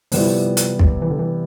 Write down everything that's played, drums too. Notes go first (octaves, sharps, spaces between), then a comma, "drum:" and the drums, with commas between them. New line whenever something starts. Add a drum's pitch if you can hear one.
C3 F3 G3 B3 E4, drum: open hi-hat
drum: hi-hat
drum: kick
E3
D3
E3